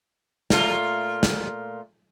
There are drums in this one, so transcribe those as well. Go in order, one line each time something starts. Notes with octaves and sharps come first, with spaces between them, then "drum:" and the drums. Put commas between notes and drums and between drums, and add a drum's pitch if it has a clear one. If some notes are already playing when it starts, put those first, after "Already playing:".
A#2 A3 F4, drum: snare
drum: snare